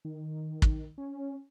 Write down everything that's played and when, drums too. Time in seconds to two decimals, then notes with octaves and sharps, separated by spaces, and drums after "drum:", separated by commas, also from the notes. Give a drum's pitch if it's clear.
0.05 D#3
0.62 drum: kick
0.98 C#4